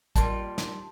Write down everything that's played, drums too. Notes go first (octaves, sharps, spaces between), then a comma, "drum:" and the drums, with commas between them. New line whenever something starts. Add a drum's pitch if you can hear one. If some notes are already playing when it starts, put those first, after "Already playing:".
G3 A#3 F4 A5 C6, drum: kick A1, hi-hat
drum: snare